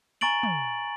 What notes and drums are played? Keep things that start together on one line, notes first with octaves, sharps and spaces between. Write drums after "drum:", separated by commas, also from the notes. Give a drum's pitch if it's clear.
G#5 A#5 C#6 A6 D7 F#7
drum: tom